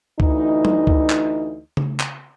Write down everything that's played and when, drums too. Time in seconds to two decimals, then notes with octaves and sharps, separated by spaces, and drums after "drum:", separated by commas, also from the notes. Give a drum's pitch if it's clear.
0.20 D2 E3 D#4, drum: kick C#2
0.65 drum: tom
0.87 drum: kick C#2
1.10 drum: clap
1.77 drum: tom C#3
2.00 drum: clap